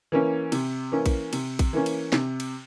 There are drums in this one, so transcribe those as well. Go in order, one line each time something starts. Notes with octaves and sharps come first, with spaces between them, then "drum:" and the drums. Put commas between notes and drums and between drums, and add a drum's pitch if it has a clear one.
E3 A#3 C#4
C3, drum: cymbal
E3 A#3 C#4
drum: kick A#1, cymbal
C3, drum: cymbal
drum: kick A#1, cymbal
E3 A#3 C#4
drum: cymbal
C3, drum: snare
drum: cymbal